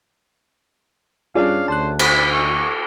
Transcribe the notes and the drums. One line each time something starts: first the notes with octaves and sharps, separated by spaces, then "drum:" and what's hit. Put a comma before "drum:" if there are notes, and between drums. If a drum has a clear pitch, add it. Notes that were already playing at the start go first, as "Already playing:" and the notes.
G2 C#4 D4 F4 G#4 D5 F5
D2 C5 A5 F#6
C5 B5, drum: cymbal
C#6